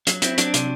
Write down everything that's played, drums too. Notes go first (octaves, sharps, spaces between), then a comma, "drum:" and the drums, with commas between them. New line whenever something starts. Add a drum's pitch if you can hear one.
F#3, drum: hi-hat
C4 E4, drum: hi-hat
F#3 D4, drum: hi-hat
C3, drum: hi-hat